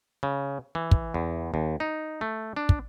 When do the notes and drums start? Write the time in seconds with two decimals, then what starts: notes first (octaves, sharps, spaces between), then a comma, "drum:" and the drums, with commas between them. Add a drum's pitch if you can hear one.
0.23 C#3
0.75 E3
0.91 drum: kick
1.14 E2
1.54 D#2
1.80 D#4
2.21 A3
2.57 D4
2.69 drum: kick